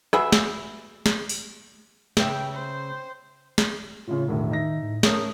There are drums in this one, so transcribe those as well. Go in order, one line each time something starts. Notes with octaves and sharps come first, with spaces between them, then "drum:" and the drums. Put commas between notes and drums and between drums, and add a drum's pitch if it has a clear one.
F#4 G#4 B4 E5, drum: rim click
drum: snare
drum: snare
drum: open hi-hat
C#3 B4 E5 G5, drum: snare
C5
drum: snare
A2 C#3 F4
E1 A2 D#3
D#4 E5 A#6
A2
A3 C#4 A#4 D#6, drum: snare